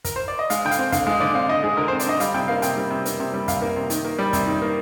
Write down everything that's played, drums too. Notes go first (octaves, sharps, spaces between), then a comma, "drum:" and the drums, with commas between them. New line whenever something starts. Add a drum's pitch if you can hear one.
A#4, drum: kick, hi-hat
C5
D5
D#5
G#3 F5, drum: hi-hat
D3 G5
F5, drum: hi-hat
C4
D3 F5, drum: kick, hi-hat
G#3 F5
D3 D5
C4 F5
D3 D#5
G#3 G#4
D3 A#4
C4 C5
D5, drum: hi-hat
D3 D#5
G3 F5, drum: hi-hat
C3 G5
A#3 F5
C3 G5, drum: hi-hat
G3
C3
A#3, drum: hi-hat
C3
G3
C3 F5, drum: kick, hi-hat
A#3
C3
D#3, drum: hi-hat
A#3
G3
C3, drum: kick, hi-hat
D#3
A#3